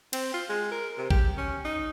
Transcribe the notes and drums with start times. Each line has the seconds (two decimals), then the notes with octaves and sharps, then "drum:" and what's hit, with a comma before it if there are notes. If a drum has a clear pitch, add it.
0.13 C4, drum: cymbal
0.34 F4
0.49 G#3
0.72 A#4
0.98 C3
1.11 G4, drum: kick
1.38 C#4
1.65 D#4